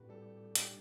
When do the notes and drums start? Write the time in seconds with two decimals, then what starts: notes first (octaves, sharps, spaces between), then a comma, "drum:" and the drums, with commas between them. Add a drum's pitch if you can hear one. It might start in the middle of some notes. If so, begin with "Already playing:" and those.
Already playing: A2 C4 D4 F#4 G4 B4
0.09 G3 A4
0.55 D4 G4, drum: hi-hat